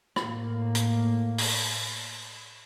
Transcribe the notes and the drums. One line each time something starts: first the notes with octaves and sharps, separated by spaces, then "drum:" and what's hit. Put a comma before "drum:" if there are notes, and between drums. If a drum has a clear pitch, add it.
A2 A#3, drum: rim click
drum: hi-hat
drum: open hi-hat